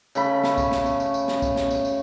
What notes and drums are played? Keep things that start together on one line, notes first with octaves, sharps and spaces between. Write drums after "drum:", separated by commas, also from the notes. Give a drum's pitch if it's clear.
C#3 A3 B5, drum: tambourine
drum: snare
drum: kick, tambourine
drum: snare
drum: tambourine
drum: tambourine
drum: tambourine
drum: snare
drum: kick, tambourine
drum: snare
drum: tambourine
drum: tambourine